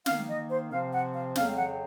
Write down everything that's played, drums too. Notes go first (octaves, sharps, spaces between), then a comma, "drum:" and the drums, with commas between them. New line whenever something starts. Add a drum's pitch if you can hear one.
D#3 A#3 D#4 F5, drum: snare
D#5
C5
C3 F3 C4 F5
F#5
F5
F2 C#3 F#3 C4 F5, drum: snare
F#5